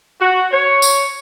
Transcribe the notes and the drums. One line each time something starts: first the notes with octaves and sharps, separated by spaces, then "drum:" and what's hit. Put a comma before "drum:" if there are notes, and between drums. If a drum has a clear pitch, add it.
F#4
C#5
drum: tambourine